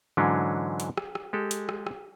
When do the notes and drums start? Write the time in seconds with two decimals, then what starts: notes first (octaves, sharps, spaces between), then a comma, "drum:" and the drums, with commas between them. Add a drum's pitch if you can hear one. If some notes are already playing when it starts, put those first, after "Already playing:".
0.17 G#2 D3 E3 F#3 C#4 D4
0.80 drum: hi-hat
0.97 drum: rim click
1.15 drum: rim click
1.33 G#3 G4 A4
1.51 drum: hi-hat
1.69 drum: rim click
1.87 drum: rim click